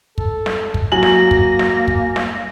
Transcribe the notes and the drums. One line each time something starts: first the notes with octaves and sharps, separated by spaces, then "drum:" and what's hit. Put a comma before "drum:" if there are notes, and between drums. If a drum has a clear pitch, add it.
A4, drum: kick
drum: snare
drum: kick
F#3 A#3 G#5 A#6 F#7
drum: snare
drum: kick
drum: snare
drum: kick
drum: snare